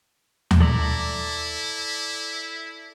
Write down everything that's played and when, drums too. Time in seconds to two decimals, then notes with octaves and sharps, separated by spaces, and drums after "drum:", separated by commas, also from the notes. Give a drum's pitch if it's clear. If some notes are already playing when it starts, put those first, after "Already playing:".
0.51 drum: tom D#2
0.60 E4 A4 D5 A#5